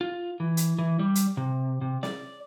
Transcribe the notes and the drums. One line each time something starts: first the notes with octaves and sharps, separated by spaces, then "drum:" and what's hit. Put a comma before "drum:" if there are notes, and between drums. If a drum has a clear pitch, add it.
F4
E3
drum: hi-hat
E3
G3
drum: hi-hat
C3
C3
D5, drum: snare